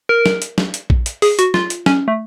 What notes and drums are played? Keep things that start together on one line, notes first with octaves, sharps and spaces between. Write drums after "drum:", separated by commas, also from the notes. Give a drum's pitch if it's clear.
A#4
drum: snare
drum: hi-hat
drum: snare
drum: hi-hat
drum: kick A#1
drum: hi-hat
G#4, drum: open hi-hat
F#4, drum: hi-hat
F4, drum: snare
drum: hi-hat
C#4, drum: snare
A3